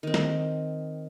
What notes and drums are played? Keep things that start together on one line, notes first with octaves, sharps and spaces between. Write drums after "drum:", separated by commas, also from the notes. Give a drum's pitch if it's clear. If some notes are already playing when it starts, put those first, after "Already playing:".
D#3 C4
drum: snare